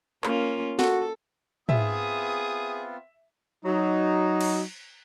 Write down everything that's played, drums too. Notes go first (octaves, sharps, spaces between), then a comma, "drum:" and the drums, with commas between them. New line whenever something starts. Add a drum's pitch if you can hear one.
A#3 C#4 F4, drum: clap
F#4 A4, drum: snare
B3 C4 F4 G#4 E5 D#6, drum: tom
F#3 D#4
drum: cymbal